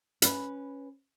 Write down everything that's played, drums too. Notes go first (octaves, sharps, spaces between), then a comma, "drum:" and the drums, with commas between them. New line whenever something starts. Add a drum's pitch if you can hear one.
C#4 B4, drum: hi-hat